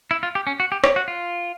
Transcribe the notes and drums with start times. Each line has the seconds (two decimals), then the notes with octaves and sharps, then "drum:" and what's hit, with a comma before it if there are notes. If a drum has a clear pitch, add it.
0.11 E4
0.23 F4
0.35 G4
0.47 C#4
0.60 F#4
0.72 G4
0.84 G4, drum: rim click
0.96 F#4
1.08 F4